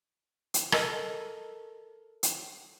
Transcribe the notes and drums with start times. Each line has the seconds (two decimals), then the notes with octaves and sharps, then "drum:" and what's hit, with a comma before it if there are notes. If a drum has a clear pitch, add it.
0.54 drum: hi-hat
0.72 A4 A#4 D#5 E6, drum: rim click
2.23 drum: hi-hat